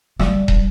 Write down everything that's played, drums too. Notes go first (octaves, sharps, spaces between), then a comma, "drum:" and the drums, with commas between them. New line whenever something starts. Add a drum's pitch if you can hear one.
G3, drum: rim click
drum: kick